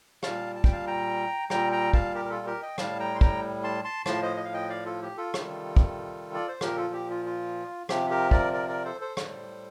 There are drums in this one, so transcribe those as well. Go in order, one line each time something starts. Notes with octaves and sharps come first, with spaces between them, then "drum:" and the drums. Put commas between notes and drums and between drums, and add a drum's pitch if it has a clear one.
A#2 G3 F5 A5, drum: rim click
A5
G5, drum: kick
F5 A5
G5 A#5
A#2 G3 G5 A#5, drum: rim click
G5 A#5
F5 A5, drum: kick
G4 A#4
A#4
F4 A4
G4 A#4
D#5 G5
A2 G3 F5 A5, drum: rim click
G5 A#5
C6
G5 A#5, drum: kick
A5 C6
A5 C6
A2 F3 A5 C6, drum: rim click
C5 D#5
D#5
F5
D#5 G5
D5 F5
F4 A4
G4
F4 A4
C3 D#3 G3, drum: rim click
drum: kick
D5
C5
A#2 F3 G4 A#4, drum: rim click
F4 A4
G4
F4
F4
C3 F3 G4, drum: rim click
G4 A#4
A#4 D5, drum: kick
A#4 D5
A#4 D5
A4 C5
A4 C5
A2 G3, drum: rim click